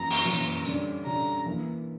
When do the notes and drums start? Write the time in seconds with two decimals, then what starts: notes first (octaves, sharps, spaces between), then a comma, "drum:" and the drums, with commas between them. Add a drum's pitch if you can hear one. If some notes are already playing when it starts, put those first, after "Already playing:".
Already playing: F#2 E3 A#3 C#4 A#5
0.10 drum: cymbal
0.25 F#2 E3 A#3 C#4
0.65 D3 G3 C#4, drum: hi-hat
1.05 D3 G3 C#4 A#5
1.46 E3 A#3